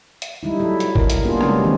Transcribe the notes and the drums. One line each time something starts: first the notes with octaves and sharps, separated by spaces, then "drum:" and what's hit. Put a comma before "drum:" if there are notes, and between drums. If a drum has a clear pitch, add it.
drum: hi-hat
G3 D#4 E4
F#3 E4 A4
drum: hi-hat
A#4, drum: kick
drum: hi-hat
A#3 B3 D4 F4 G#4 A#4
C#3 G3 G#3 C#4 D4, drum: rim click
D#3 F3 A3 C4 C#4 D#4